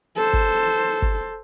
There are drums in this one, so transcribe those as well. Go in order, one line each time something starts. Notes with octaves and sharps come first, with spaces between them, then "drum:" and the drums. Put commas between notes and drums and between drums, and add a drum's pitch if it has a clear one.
A4 C5
drum: kick
drum: kick